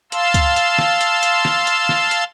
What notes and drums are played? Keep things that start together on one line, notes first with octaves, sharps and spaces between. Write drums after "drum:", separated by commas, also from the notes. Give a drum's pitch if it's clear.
F5 A5 C6 E6, drum: hi-hat
drum: kick, hi-hat
drum: hi-hat
drum: snare
drum: hi-hat
drum: hi-hat
drum: snare
drum: hi-hat
drum: snare
drum: hi-hat